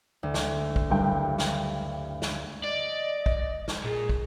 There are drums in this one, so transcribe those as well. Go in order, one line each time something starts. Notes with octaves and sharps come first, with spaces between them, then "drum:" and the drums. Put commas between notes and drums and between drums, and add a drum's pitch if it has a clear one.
D2
drum: snare
drum: kick
F#1 G2 G5
drum: snare
drum: snare
D5 D#5
drum: kick
drum: snare
A#2 G#4
drum: kick